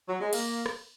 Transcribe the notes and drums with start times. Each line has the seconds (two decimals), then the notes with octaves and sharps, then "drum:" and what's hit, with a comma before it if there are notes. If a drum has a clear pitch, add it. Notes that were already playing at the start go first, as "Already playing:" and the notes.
0.08 F#3
0.20 G#3
0.33 A#3, drum: cymbal
0.66 drum: rim click